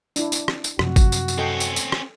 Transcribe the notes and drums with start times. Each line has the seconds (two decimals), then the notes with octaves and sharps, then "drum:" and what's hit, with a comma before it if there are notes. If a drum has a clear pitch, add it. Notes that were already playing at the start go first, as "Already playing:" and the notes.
0.16 D4 E4, drum: tambourine
0.32 drum: tambourine
0.48 drum: rim click
0.64 drum: tambourine
0.79 F#2 C3 F3 F#4, drum: rim click
0.96 drum: kick G#1, tambourine
1.12 drum: tambourine
1.28 drum: tambourine
1.38 C4 C#4 A4 D#5 G5
1.60 drum: tambourine
1.76 drum: tambourine
1.92 drum: rim click